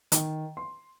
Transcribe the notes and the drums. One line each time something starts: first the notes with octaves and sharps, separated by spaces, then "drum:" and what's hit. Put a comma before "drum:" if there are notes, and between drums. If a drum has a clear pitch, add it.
D#3, drum: hi-hat
C6